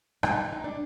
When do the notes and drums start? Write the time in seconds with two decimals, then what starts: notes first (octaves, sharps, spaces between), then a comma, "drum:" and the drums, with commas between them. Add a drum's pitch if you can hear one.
0.23 D#4, drum: rim click
0.52 D#4
0.64 D4